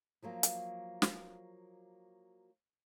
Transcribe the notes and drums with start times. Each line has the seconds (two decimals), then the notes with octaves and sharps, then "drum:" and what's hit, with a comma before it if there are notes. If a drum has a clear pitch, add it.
0.22 F3 F#3 A#3
0.43 drum: hi-hat
1.02 drum: snare